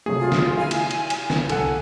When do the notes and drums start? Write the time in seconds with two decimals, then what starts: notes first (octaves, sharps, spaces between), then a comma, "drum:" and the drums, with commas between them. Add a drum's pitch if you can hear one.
0.06 C3 F#3 A3 G#4
0.20 F4
0.32 drum: snare
0.57 E4 F5 G#5
0.71 drum: cymbal
0.91 drum: cymbal
1.10 drum: cymbal
1.30 drum: snare
1.49 C2 A4 F#5 G#5, drum: cymbal